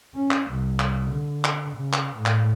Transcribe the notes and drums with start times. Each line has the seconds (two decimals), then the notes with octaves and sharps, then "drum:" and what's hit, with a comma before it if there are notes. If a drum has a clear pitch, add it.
0.15 C#4
0.31 drum: clap
0.50 C2
0.80 drum: clap
1.10 D3
1.44 drum: clap
1.76 C#3
1.93 drum: clap
2.16 A2
2.26 drum: clap